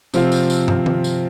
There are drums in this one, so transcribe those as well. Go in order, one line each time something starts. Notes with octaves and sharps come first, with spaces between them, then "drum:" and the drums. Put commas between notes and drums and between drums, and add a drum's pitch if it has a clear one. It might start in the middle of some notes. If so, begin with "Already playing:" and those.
C3 F3 C4 F4, drum: tambourine
drum: tambourine
drum: tambourine
drum: tom
drum: tom D#3
drum: tambourine